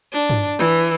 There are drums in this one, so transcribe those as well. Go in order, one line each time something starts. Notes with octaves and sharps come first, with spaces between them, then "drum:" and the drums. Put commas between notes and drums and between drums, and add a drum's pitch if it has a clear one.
D4
drum: tom G2
E3